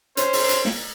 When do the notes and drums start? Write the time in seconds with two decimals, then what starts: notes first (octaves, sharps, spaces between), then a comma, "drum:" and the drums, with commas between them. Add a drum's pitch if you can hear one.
0.17 C#4 C5, drum: hi-hat
0.33 drum: open hi-hat
0.49 drum: hi-hat
0.65 drum: snare